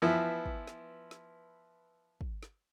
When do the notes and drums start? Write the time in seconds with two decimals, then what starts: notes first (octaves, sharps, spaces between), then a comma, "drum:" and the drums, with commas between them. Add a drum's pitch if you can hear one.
0.02 E3 F3 B3 E4
0.46 drum: kick
0.67 drum: snare
1.11 drum: snare
2.21 drum: kick
2.43 drum: snare